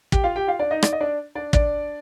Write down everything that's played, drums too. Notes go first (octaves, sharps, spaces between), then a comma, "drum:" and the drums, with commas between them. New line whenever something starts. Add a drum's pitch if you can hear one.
G4 G5, drum: kick
F4 F5
G4 G5
F4 F5
D4 D5
D#4 D#5
D5, drum: rim click
D#5
D4 D5
D4 D5
D4 D5, drum: kick